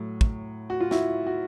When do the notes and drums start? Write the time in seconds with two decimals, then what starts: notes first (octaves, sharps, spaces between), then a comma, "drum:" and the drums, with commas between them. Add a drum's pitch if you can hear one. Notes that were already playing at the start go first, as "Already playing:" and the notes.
Already playing: A2 F#3
0.21 drum: kick
0.70 F#4
0.80 F4
0.91 E4 F#4, drum: snare
1.27 F#4